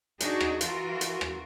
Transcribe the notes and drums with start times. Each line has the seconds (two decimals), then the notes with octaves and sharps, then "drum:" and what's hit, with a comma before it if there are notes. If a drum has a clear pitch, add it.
0.20 D4 D#4 F#4 G#4, drum: hi-hat
0.41 drum: rim click
0.61 E3 F4 F#4 A#4, drum: hi-hat
1.01 drum: hi-hat
1.21 drum: rim click